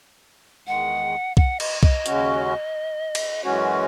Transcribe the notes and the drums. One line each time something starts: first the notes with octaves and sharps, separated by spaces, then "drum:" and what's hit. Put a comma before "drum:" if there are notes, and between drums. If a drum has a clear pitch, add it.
E2 D#3 G#3 F#5
F#5, drum: kick C2
D#5, drum: cymbal
D#5, drum: kick C2
D#2 C#3 G#3 C#4 F#4, drum: hi-hat
drum: cymbal
F#2 E3 G#3 C#4 F#4 C#5